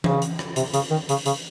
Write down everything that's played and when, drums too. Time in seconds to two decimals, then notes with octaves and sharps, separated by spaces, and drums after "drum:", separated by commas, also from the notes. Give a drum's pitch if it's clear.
0.04 C#3, drum: tom E3
0.22 drum: hi-hat
0.39 drum: rim click
0.56 C3, drum: hi-hat
0.74 C#3, drum: hi-hat
0.91 D#3
1.09 C#3, drum: hi-hat
1.26 C#3, drum: hi-hat